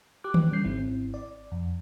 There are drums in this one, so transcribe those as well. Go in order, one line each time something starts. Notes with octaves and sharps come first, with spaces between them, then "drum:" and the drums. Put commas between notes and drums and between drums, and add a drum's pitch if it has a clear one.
G4 D6 F#6
drum: tom D#3
D3 G3 C#4 G6 C7
G#1 G#2 C4 E4
D5
F2